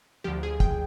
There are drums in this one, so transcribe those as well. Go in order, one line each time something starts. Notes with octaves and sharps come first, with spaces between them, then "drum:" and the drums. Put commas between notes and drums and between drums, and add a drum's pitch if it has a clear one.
D2 D3 F3 G4
G#4
G5, drum: kick